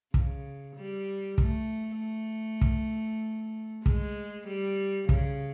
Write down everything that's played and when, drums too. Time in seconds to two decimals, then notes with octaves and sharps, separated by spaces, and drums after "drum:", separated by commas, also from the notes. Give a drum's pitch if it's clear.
0.14 C#3, drum: kick
0.76 G3
1.38 A3, drum: kick
1.99 A3
2.61 drum: kick
3.86 G#3, drum: kick
4.47 G3
5.09 C#3, drum: kick